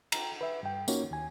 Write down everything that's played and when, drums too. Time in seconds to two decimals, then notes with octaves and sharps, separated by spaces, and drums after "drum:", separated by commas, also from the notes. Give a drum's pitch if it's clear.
0.12 A#5, drum: cymbal
0.41 B4 E5
0.63 G2 G5
0.88 A#3 C#4 D#4 F4 F#4 C#5, drum: tambourine
1.11 D#2 G#5